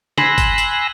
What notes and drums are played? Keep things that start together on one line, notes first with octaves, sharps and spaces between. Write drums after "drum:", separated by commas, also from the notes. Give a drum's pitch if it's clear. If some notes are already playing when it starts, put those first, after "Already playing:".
G#5 B5 C6 E6 F#6 A#6, drum: snare
drum: kick, tambourine
drum: tambourine